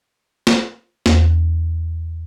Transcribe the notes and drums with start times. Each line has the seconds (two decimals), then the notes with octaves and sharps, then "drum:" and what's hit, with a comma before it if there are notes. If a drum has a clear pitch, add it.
0.47 drum: snare
1.06 E2, drum: snare